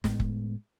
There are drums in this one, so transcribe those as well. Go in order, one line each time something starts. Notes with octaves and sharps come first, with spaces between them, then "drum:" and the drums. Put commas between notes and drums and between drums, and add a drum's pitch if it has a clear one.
A2 G#3 B3, drum: snare
drum: kick